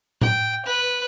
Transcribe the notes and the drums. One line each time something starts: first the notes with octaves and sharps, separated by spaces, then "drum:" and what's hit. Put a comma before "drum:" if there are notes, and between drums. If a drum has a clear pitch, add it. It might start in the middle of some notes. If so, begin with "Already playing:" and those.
G5, drum: tom A2
B4